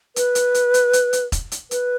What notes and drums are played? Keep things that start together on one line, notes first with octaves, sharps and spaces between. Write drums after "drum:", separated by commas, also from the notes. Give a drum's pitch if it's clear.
B4, drum: hi-hat
drum: hi-hat
drum: hi-hat
drum: hi-hat
drum: hi-hat
drum: hi-hat
drum: kick E1, hi-hat
drum: hi-hat
B4, drum: hi-hat